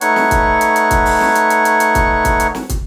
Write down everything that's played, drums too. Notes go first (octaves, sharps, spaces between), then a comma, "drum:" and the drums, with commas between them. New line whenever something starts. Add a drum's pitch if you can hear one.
A3 D#4 B4 C#5 F#5 C#6, drum: hi-hat
drum: snare
drum: kick, hi-hat
drum: hi-hat
drum: hi-hat
drum: kick, hi-hat
drum: open hi-hat
drum: snare
drum: hi-hat
drum: hi-hat
drum: hi-hat
drum: hi-hat
drum: kick, hi-hat
drum: kick, hi-hat
drum: hi-hat
drum: snare
drum: kick, hi-hat